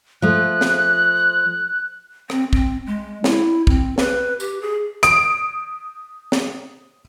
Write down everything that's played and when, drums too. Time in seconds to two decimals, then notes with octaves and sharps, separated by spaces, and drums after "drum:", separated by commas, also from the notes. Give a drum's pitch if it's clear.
0.22 F3 A3 F#6
0.61 drum: snare
2.30 C4, drum: rim click
2.53 C4, drum: kick
2.86 G#3
3.24 E4, drum: snare
3.67 C4, drum: kick
3.98 B4, drum: snare
4.40 G4, drum: tambourine
4.61 G#4
5.03 D#6 D7, drum: hi-hat
6.32 drum: snare